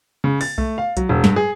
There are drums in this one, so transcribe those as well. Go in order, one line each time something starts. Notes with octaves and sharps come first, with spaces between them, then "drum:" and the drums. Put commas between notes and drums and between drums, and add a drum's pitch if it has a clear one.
C#3
A6, drum: open hi-hat
A3, drum: kick B1
F5
F#3, drum: kick B1, hi-hat
E1
G2, drum: snare
G#4